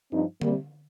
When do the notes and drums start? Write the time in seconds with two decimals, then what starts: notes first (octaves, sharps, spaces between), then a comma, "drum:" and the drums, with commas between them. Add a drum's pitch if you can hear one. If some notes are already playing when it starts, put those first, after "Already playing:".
0.11 G2 F3 C4 D#4
0.41 C3 G3 A#3, drum: tom D3